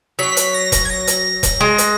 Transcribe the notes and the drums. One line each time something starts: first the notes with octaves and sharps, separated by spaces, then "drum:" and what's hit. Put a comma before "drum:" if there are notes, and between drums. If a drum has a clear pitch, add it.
F#3 B6
drum: hi-hat
A#6
drum: kick E1, hi-hat
G#6
A#6
drum: hi-hat
drum: kick E1, hi-hat
G#3
drum: hi-hat